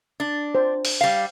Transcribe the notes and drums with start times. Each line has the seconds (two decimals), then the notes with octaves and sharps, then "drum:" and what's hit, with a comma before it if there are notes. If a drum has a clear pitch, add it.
0.20 D4
0.55 C5
0.85 drum: open hi-hat
1.01 G3 F5